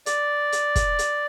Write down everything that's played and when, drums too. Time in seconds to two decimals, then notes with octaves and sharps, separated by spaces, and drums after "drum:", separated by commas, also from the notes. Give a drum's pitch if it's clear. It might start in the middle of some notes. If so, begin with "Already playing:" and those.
0.06 D5, drum: hi-hat
0.52 drum: hi-hat
0.76 drum: kick, hi-hat
0.99 drum: hi-hat